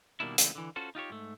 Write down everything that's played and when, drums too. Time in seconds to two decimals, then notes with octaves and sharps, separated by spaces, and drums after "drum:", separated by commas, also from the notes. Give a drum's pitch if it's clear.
0.20 B2 D#3 G3 A#3 D4 E4
0.38 C#3 E3 G#3 A3 B3 C4, drum: hi-hat
0.55 D3 E3
0.76 C#4 F4 F#4 A4 C5
0.95 D#4 F4 G4 C#5
1.10 G#2 A3